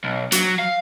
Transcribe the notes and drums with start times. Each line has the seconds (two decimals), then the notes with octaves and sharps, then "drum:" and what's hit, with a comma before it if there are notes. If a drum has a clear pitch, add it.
0.04 B1
0.32 F#3, drum: hi-hat
0.59 F5